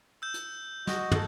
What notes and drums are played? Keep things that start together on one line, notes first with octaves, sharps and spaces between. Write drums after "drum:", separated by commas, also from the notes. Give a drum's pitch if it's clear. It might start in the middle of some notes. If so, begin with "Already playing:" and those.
E6 G6
drum: hi-hat
F#4 D#5, drum: snare
G#3 A#3 A4, drum: tom